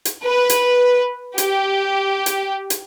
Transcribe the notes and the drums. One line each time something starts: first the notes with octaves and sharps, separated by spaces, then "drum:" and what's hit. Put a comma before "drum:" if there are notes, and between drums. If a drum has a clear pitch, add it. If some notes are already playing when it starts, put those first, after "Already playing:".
drum: hi-hat
B4
drum: hi-hat
G4, drum: hi-hat
drum: hi-hat
drum: hi-hat